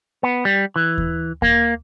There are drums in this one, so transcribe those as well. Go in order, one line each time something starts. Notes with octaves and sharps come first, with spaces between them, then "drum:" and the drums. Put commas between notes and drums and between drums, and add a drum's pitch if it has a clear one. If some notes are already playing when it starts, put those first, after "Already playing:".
B3
G3
E3
drum: kick D#2
A#3, drum: kick D#2